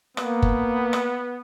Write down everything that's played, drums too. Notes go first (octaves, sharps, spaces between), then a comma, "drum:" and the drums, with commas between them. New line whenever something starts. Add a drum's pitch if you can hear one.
A#3 B3, drum: rim click
drum: kick F#1
drum: rim click